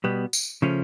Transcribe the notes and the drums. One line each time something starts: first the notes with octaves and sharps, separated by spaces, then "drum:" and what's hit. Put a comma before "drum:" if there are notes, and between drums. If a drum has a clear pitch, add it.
B2 G3 B3
drum: tambourine
C#3 F3 A3 C#4